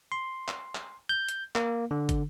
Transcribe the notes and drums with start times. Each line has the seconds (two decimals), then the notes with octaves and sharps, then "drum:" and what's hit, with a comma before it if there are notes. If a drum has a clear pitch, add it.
0.12 C6
0.48 drum: clap
0.75 drum: clap
1.09 G6
1.29 drum: hi-hat
1.55 A#3, drum: clap
1.91 D3
2.09 drum: kick, hi-hat